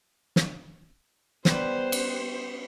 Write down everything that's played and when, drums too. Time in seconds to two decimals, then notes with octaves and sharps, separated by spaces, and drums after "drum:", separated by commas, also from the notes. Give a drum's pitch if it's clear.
0.36 drum: snare
1.45 G3 B3 C5, drum: snare
1.92 drum: cymbal